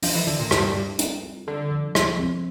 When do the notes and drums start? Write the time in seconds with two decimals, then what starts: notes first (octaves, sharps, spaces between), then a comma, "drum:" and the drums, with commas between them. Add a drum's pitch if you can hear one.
0.03 F3 D4, drum: open hi-hat
0.15 E3
0.27 D3 F4
0.40 A#2
0.51 G2 G3, drum: rim click
0.75 G3
0.99 C4, drum: hi-hat
1.23 F4
1.47 D3 A4
1.72 F3
1.95 F3, drum: rim click
2.19 C4